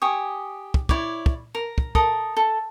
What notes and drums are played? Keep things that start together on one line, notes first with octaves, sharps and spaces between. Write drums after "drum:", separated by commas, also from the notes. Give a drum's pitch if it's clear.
G4 G#5 C#6 D#6
drum: kick
E4 C#5 D5, drum: kick
drum: kick
A#4
drum: kick
A4 A#4 D#6, drum: kick
A4